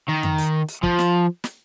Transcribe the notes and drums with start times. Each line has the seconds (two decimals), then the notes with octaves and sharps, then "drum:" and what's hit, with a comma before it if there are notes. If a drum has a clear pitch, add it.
0.08 D#3
0.23 drum: tom F2
0.38 drum: hi-hat
0.68 drum: hi-hat
0.83 F3, drum: kick
0.99 drum: snare
1.44 drum: snare